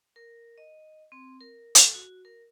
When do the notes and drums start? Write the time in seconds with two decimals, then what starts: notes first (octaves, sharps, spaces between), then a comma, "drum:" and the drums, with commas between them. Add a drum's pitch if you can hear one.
0.16 A#4
0.58 D#5
1.12 C4
1.41 A#4
1.75 A4, drum: hi-hat
1.94 F#4
2.25 A#4